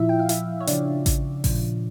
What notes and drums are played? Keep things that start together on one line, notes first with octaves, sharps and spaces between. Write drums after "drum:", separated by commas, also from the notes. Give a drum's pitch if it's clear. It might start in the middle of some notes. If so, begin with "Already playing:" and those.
Already playing: A#2 F3 E4 E5
G5
F5
E4 E5, drum: hi-hat
C#5
C#3 F3 D4 D5, drum: hi-hat
drum: kick A1, hi-hat
A#2 F3, drum: kick A1, open hi-hat